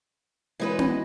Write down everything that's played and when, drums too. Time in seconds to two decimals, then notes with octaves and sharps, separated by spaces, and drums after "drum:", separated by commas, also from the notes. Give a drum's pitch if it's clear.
0.60 E3 G#3 D#4 F#4 B4
0.79 drum: tom B3